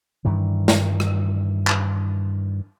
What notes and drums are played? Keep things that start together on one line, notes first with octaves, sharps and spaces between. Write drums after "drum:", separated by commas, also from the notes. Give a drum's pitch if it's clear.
G2 D#3 E3
drum: snare
drum: rim click
drum: clap